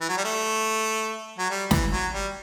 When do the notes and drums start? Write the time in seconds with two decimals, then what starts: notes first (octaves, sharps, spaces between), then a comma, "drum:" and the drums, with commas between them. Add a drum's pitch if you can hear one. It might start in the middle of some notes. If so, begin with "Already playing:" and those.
0.01 E3
0.09 F#3
0.17 G3
0.24 A3
1.38 F#3
1.50 G3
1.71 E3, drum: snare
1.92 F#3
2.12 G3